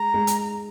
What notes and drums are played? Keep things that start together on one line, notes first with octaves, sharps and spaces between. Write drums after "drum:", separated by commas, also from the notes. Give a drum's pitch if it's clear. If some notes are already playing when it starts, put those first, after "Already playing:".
Already playing: G#3 A#5
G#3
drum: hi-hat